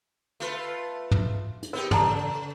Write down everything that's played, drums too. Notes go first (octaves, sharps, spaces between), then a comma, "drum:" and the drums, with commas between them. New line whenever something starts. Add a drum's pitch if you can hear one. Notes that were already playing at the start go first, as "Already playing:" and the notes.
A3 F4 B4
drum: tom
drum: hi-hat
B3 D#4 G4 A#4
C#3 A4 A5 A#5, drum: tom